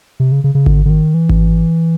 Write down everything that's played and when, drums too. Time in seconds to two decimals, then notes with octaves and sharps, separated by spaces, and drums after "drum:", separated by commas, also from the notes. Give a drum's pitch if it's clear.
0.20 C3
0.32 C#3
0.44 C#3
0.55 C#3
0.66 D3, drum: kick G#1
0.85 D3
0.90 D#3
1.14 E3
1.29 drum: kick G#1